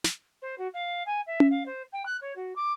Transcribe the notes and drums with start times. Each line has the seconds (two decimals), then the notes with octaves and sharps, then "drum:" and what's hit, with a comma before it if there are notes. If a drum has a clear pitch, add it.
0.04 drum: snare
0.42 C5
0.58 F#4
0.74 F5
1.06 G#5
1.26 E5
1.40 drum: tom C#4
1.50 F5
1.66 C5
1.92 G5
2.05 F#6
2.21 C#5
2.36 F#4
2.56 D6